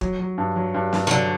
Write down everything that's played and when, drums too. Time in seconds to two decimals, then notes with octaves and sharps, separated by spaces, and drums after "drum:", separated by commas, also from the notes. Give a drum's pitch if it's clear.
0.01 F#3, drum: kick
0.20 F#3
0.38 G2
0.56 F#3
0.74 G2
0.93 G2, drum: snare
1.07 D#3
1.11 D3 F#3